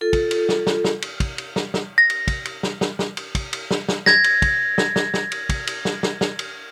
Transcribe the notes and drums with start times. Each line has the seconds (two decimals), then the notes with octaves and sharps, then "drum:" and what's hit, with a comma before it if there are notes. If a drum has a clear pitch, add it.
0.01 F4 A4
0.13 drum: kick, cymbal
0.31 drum: cymbal
0.49 drum: snare
0.67 drum: snare
0.84 drum: snare
1.02 drum: cymbal
1.20 drum: kick, cymbal
1.38 drum: cymbal
1.56 drum: snare
1.74 drum: snare
1.98 A#6
2.10 drum: cymbal
2.28 drum: kick, cymbal
2.45 drum: cymbal
2.63 drum: snare
2.81 drum: snare
2.99 drum: snare
3.17 drum: cymbal
3.35 drum: kick, cymbal
3.53 drum: cymbal
3.71 drum: snare
3.88 drum: snare
4.06 G#6 A#6, drum: snare
4.24 drum: cymbal
4.42 drum: kick, cymbal
4.78 drum: snare
4.96 drum: snare
5.14 drum: snare
5.32 drum: cymbal
5.49 drum: kick, cymbal
5.67 drum: cymbal
5.85 drum: snare
6.03 drum: snare
6.21 drum: snare
6.39 drum: cymbal